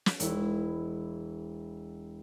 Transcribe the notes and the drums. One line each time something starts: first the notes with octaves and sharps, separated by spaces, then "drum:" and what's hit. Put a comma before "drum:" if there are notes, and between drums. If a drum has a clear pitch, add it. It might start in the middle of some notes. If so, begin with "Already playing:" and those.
drum: snare
E1 E4, drum: hi-hat